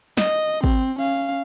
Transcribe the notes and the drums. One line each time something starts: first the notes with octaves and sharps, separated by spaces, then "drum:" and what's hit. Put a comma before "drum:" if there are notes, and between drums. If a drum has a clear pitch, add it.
D#5, drum: snare
C4, drum: kick
C#4 F5